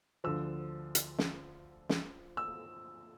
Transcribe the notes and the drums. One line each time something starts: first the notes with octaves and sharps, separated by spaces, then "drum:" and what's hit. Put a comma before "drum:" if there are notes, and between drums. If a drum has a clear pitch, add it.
D2 D3 F3 E6
drum: hi-hat
drum: snare
drum: snare
E6